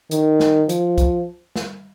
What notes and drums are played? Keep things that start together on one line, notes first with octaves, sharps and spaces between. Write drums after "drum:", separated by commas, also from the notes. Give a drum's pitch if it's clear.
D#3, drum: hi-hat
drum: snare
F3, drum: hi-hat
drum: kick, hi-hat
drum: snare